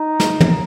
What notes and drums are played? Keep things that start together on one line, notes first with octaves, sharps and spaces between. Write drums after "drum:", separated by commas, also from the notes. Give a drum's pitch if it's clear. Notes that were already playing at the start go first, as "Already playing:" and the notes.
Already playing: D#4
drum: snare
drum: tom